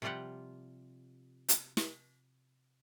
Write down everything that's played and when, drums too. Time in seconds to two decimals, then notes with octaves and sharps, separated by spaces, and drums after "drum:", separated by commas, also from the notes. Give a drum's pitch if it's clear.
0.02 C3 F3 G3 F4 G4 F#5
1.49 drum: hi-hat
1.77 drum: snare